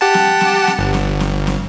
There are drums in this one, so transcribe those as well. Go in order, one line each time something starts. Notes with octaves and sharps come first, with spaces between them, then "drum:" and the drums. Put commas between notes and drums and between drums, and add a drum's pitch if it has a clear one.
G4 F#5 A5
drum: snare
drum: snare
drum: snare
G1
drum: snare
drum: snare
drum: snare